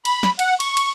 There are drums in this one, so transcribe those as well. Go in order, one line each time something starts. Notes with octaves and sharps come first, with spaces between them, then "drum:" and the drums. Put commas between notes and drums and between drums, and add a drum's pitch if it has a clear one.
B5, drum: cymbal
drum: snare
F#5, drum: cymbal
C#6, drum: cymbal
drum: cymbal